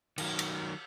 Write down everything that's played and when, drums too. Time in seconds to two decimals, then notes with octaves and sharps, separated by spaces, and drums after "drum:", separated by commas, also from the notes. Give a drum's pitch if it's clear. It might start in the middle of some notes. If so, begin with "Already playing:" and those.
0.18 D#3 F#3, drum: cymbal
0.39 drum: cymbal